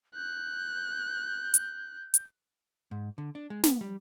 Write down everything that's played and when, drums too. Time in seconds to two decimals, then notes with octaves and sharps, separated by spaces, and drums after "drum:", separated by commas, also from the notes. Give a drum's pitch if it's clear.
0.15 F#6 G6
1.54 drum: hi-hat
2.14 drum: hi-hat
2.91 G#2
3.18 D3
3.35 D4
3.50 G#3
3.64 B3, drum: snare
3.81 G3